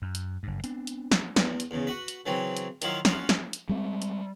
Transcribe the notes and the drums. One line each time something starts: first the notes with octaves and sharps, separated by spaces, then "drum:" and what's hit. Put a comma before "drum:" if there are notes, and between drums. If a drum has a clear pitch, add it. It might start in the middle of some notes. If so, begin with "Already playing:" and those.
F#2
drum: hi-hat
F#1 G2
B3 C4 D4, drum: hi-hat
drum: hi-hat
drum: snare
E2, drum: snare
drum: hi-hat
E2 C#3
F#4 B4
drum: hi-hat
C#3 E3 F#3 C4
drum: hi-hat
D#3 F3 F#3 E4 F4, drum: hi-hat
C#4 F4 F#4, drum: snare
drum: snare
drum: hi-hat
G3 G#3 C4
drum: hi-hat